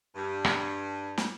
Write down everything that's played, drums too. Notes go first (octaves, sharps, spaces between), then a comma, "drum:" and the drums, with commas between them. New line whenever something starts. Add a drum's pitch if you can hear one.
G2
drum: rim click
drum: snare